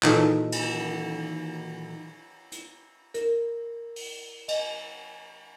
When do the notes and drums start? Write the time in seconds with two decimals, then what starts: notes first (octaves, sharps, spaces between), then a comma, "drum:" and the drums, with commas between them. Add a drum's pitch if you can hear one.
0.03 A#2 D#3 E3 F#3 D#4 A4, drum: clap
0.52 drum: cymbal
2.52 drum: hi-hat
3.14 A#4, drum: hi-hat
3.96 drum: open hi-hat
4.48 D#5, drum: cymbal